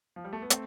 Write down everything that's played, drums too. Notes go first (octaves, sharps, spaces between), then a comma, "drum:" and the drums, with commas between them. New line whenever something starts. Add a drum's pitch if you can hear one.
F3
G3
A3
B3
A3 C4, drum: hi-hat